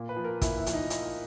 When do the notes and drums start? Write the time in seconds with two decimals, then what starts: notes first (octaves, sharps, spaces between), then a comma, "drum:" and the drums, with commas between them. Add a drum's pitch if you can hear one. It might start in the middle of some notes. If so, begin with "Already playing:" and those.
Already playing: A#2
0.09 B4
0.16 F3
0.25 A#4
0.42 A#2 E4, drum: kick, hi-hat
0.58 E4
0.66 F3, drum: hi-hat
0.73 D#4
0.90 drum: hi-hat